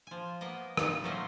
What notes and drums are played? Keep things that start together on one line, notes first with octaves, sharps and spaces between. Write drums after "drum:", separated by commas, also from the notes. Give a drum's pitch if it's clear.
F3 G#5
A#3 B3 D#5
A#2 D#4, drum: rim click
F#3 A3 A#3 C#4 C5 D#5